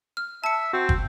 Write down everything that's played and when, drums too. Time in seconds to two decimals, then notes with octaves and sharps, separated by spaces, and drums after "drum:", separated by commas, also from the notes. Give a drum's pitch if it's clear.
0.17 F6
0.44 E5 A5 C#7
0.73 C4 F#4
0.89 drum: kick